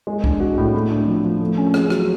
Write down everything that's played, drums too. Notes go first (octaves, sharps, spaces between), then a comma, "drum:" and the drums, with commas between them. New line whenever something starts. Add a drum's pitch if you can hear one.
G#3
D4, drum: kick C2
F#4
A2
A3
D4
F3
F3
A3
C#4
G#4, drum: rim click
F#3, drum: rim click